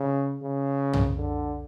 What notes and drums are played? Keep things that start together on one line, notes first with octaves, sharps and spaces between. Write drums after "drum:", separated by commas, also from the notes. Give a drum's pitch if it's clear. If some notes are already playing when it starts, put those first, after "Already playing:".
Already playing: C#3
C#3
drum: tom
D3